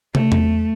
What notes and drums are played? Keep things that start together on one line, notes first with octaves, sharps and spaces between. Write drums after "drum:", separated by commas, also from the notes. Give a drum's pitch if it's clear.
A3, drum: tom
drum: tom E2